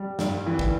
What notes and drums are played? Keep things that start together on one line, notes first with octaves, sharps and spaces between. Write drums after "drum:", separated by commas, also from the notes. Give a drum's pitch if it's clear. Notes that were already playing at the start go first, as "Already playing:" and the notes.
Already playing: G3
G2, drum: snare
E3
drum: kick